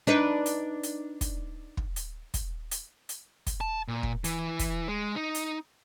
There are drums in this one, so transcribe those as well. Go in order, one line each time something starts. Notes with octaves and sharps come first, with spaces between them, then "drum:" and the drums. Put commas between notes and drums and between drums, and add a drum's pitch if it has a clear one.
D4 D#4 B4
drum: hi-hat
drum: hi-hat
drum: kick, hi-hat
drum: kick
drum: hi-hat
drum: kick, hi-hat
drum: hi-hat
drum: hi-hat
drum: kick, hi-hat
A5
A#2
drum: kick
E3, drum: hi-hat
drum: kick, hi-hat
G#3
D#4
drum: hi-hat